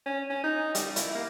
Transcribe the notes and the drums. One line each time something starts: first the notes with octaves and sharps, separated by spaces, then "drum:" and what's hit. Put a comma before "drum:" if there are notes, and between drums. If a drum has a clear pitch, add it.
C#4
C#4
D#4
G3, drum: hi-hat
E4, drum: hi-hat
A#3